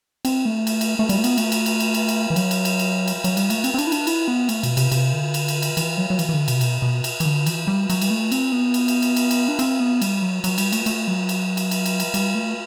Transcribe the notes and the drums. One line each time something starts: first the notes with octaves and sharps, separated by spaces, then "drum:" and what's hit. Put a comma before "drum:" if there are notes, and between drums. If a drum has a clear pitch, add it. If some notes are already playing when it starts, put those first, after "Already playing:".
C4, drum: cymbal
A3
drum: cymbal
drum: cymbal
A3
G3, drum: cymbal
A3
B3, drum: cymbal
A3, drum: cymbal
drum: cymbal
drum: cymbal
drum: cymbal
drum: cymbal
drum: cymbal
E3
F#3, drum: cymbal
drum: cymbal
drum: cymbal
drum: cymbal
drum: cymbal
F#3, drum: cymbal
G3, drum: cymbal
A3, drum: cymbal
C4, drum: cymbal
C4
D4, drum: cymbal
E4
D4, drum: cymbal
E4, drum: cymbal
B3
A3, drum: cymbal
B2, drum: cymbal
C3, drum: cymbal
C3, drum: cymbal
D3
drum: cymbal
drum: cymbal
drum: cymbal
E3, drum: cymbal
F#3
F#3
E3, drum: cymbal
E3
D3
B2, drum: cymbal
C3
B2, drum: cymbal
B2
drum: cymbal
E3, drum: cymbal
D3
E3, drum: cymbal
G3
F#3, drum: cymbal
G3, drum: cymbal
A3
C4, drum: cymbal
B3
drum: cymbal
drum: cymbal
drum: cymbal
drum: cymbal
drum: cymbal
D4
C4, drum: cymbal
B3
G3, drum: cymbal
F#3
F#3, drum: cymbal
G3, drum: cymbal
A3, drum: cymbal
A3, drum: cymbal
F#3
drum: cymbal
drum: cymbal
drum: cymbal
drum: cymbal
drum: cymbal
G3, drum: cymbal
A3